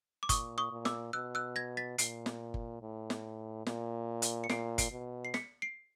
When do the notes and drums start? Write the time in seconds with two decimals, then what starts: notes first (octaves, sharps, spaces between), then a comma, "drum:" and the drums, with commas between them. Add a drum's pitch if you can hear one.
0.23 D6
0.29 A#2 C#6 D#6, drum: kick G1, hi-hat
0.58 C#6 D#6
0.72 A#2
0.85 D6 E6, drum: snare
1.13 B2 E6 F#6
1.35 E6 F#6
1.56 G#6 A#6
1.77 A6 B6
1.98 A#2 C7 D7, drum: hi-hat
2.26 drum: snare
2.54 drum: kick G1
2.82 A2
3.10 drum: snare
3.67 A#2, drum: snare
4.22 drum: hi-hat
4.44 C#7
4.49 A#2 C7 D7, drum: snare
4.78 C7 D7, drum: kick G1, hi-hat
4.92 B2
5.25 C7
5.34 B6 C#7, drum: snare
5.62 C7 D7